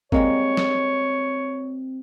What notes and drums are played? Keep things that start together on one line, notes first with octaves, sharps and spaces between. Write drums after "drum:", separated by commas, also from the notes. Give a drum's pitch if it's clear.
G3 G#3 A#3 C4 C#5, drum: kick G#1
drum: snare